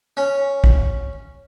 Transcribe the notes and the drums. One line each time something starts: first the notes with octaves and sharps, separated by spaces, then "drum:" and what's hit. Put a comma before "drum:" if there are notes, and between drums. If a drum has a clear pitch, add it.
C#4
drum: kick